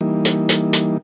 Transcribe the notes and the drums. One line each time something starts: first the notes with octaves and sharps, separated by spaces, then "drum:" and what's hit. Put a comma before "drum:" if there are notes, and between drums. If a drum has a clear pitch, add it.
E3 G3 A#3 D#4
drum: hi-hat
drum: hi-hat
drum: hi-hat